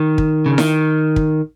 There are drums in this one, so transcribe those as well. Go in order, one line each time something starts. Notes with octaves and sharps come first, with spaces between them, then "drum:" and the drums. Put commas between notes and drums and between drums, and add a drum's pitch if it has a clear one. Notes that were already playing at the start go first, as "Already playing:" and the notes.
Already playing: D#3
drum: kick
C#3
D#3, drum: snare E4
drum: kick